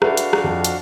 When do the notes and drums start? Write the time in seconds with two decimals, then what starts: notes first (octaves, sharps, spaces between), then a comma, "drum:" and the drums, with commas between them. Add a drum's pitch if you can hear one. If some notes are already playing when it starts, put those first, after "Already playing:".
0.02 D4 F#4 A4 B4 E5 F5, drum: rim click
0.17 drum: hi-hat
0.33 drum: rim click
0.44 F2
0.64 drum: hi-hat